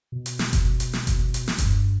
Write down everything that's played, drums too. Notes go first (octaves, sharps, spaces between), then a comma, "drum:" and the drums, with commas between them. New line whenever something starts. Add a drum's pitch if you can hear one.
B2
drum: hi-hat
drum: snare
drum: kick F#1, hi-hat
drum: hi-hat
drum: snare
drum: kick F#1, hi-hat
drum: hi-hat
drum: snare
G2, drum: kick F#1, hi-hat